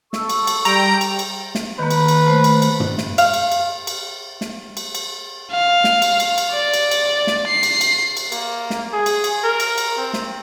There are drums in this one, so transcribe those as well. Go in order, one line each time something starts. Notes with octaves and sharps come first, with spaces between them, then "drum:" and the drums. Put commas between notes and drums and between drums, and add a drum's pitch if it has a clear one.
A4 C#6 E6, drum: snare
drum: cymbal
drum: cymbal
G3 G5 A#5 D7, drum: cymbal
drum: cymbal
drum: cymbal
drum: snare
D#3 A#3 B4
drum: cymbal
drum: cymbal
A3 C5
drum: cymbal
drum: cymbal
drum: tom
drum: snare
F5, drum: cymbal
drum: cymbal
drum: cymbal
drum: cymbal
drum: snare
drum: cymbal
drum: cymbal
F5
drum: snare
drum: cymbal
drum: cymbal
drum: cymbal
D5
drum: cymbal
drum: cymbal
drum: snare
C7
drum: cymbal
drum: cymbal
drum: cymbal
A#3, drum: cymbal
drum: snare
G#4
drum: cymbal
drum: cymbal
A#4
drum: cymbal
drum: cymbal
C4
drum: snare